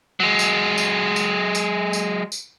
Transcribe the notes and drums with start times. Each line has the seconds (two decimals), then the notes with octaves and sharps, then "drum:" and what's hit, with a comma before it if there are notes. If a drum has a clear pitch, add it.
0.20 F#3 G#3
0.39 drum: tambourine
0.78 drum: tambourine
1.16 drum: tambourine
1.55 drum: tambourine
1.93 drum: tambourine
2.32 drum: tambourine